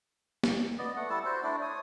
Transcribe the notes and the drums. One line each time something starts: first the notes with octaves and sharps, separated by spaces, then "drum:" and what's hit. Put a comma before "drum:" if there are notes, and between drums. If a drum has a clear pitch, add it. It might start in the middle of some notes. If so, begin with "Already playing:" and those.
drum: snare
B3 D5 D#5
A3 F#5
G3 E4 A4 A5
F#4 C5
A3 D4 E4 D5
C#5 D#6